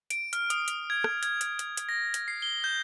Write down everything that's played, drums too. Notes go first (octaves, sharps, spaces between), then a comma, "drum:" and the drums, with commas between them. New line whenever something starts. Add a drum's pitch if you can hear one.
D7, drum: hi-hat
F6, drum: hi-hat
D#6, drum: hi-hat
drum: hi-hat
G#6
drum: rim click
G#6, drum: hi-hat
drum: hi-hat
drum: hi-hat
drum: hi-hat
A#6
drum: hi-hat
C7
G7
G6